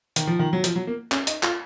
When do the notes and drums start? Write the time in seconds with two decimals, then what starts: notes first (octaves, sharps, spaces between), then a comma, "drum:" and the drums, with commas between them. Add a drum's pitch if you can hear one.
0.16 D#3, drum: hi-hat
0.27 F3
0.39 D#3
0.53 F#3
0.64 F3, drum: hi-hat
0.76 F#3
0.87 A#3
1.12 C#4, drum: clap
1.27 D#4, drum: hi-hat
1.43 F4, drum: clap